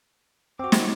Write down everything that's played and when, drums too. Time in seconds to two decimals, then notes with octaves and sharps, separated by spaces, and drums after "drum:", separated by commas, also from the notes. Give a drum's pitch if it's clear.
0.59 C4 F#4 D6
0.72 drum: snare